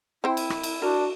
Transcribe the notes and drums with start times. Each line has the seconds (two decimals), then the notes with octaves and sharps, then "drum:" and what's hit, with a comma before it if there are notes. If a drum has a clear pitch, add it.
0.24 C4 E4 C5 G5
0.37 drum: cymbal
0.50 drum: rim click
0.63 drum: cymbal
0.82 D4 F#4 A#4